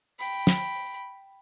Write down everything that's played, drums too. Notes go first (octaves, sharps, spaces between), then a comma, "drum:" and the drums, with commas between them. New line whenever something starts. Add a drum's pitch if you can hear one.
G5 B5
drum: snare